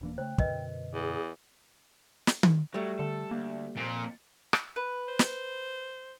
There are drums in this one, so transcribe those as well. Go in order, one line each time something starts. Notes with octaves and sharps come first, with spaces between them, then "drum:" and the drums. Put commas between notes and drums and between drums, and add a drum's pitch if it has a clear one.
D#1 E3 A#3 D4
C#3 A3 C5 G5
F#2 B2 D3 A#4 B4 D#5, drum: kick
E2 G#4
drum: snare
drum: tom D#3
F#3 G3 A3
D3 A4
D2 A#3
F2 A#2
drum: rim click
B4
C5
drum: snare